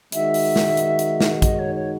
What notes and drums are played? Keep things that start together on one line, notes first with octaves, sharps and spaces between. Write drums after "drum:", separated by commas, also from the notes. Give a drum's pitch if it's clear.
D#3 G#3 D#4 F#4 E5, drum: hi-hat
drum: open hi-hat
drum: snare
drum: hi-hat
drum: hi-hat
drum: snare
D#5, drum: kick, hi-hat
C#5
C#5